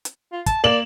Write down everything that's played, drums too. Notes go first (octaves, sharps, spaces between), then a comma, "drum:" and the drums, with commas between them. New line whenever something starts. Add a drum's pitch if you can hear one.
drum: hi-hat
F4
A5, drum: kick, hi-hat
A#3 D5 E7 F#7